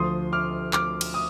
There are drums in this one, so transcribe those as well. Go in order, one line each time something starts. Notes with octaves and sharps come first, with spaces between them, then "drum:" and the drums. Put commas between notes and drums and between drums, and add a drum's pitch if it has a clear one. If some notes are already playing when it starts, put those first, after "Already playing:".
Already playing: D2 D3 F3 C6 D#6
D6 F6
D6 F6, drum: clap
drum: cymbal
D#6